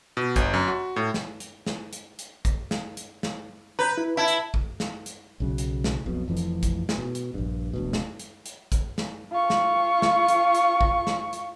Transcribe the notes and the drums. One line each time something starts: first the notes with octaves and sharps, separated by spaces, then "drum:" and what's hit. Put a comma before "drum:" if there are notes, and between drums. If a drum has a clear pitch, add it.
B2
G1, drum: kick A1, hi-hat
F#2
F#4
A2
drum: snare
drum: hi-hat
drum: snare
drum: hi-hat
drum: hi-hat
drum: kick A1, hi-hat
drum: snare
drum: hi-hat
drum: snare
B4 A#5 G6
E4
E4 E5 A5 G#6
drum: hi-hat
drum: kick A1
drum: snare
drum: hi-hat
B1 C#3 F#3
drum: hi-hat
drum: snare
B1 F2 B2
F1 F2 E3 F3
drum: hi-hat
drum: kick A1, hi-hat
drum: snare
B2
drum: hi-hat
A#1 G2
E1 D2 B2
drum: snare
drum: hi-hat
drum: hi-hat
drum: kick A1, hi-hat
drum: snare
F4 C#6
drum: snare
drum: snare
drum: hi-hat
drum: hi-hat
drum: kick A1
drum: snare
drum: hi-hat